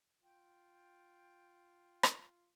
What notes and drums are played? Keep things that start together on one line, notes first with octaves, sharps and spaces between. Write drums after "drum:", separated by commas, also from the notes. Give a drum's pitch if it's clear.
F4 G5
drum: rim click